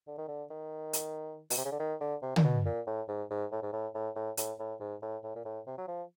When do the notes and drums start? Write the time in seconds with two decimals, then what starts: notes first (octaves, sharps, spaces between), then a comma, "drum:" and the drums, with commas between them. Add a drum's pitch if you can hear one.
0.07 D3
0.18 D#3
0.28 D3
0.50 D#3
0.93 drum: hi-hat
1.50 B2, drum: open hi-hat
1.57 C3
1.65 C#3
1.72 D3
1.79 D#3
2.00 D3
2.22 C3
2.36 A#2, drum: tom
2.44 B2
2.65 A#2
2.87 A2
3.08 G#2
3.30 G#2
3.52 A2
3.63 G#2
3.73 A2
3.94 A2
4.16 A2
4.37 A2, drum: hi-hat
4.59 A2
4.80 G#2
5.02 A2
5.23 A2
5.36 A#2
5.45 A2
5.67 C3
5.78 F#3
5.88 F3